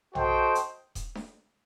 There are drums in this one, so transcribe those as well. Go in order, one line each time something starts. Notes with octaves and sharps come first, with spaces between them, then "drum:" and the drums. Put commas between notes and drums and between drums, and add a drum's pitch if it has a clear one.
F#4 A4 C5 D#5 G5, drum: tom
drum: hi-hat
drum: kick D#1, hi-hat
drum: snare D4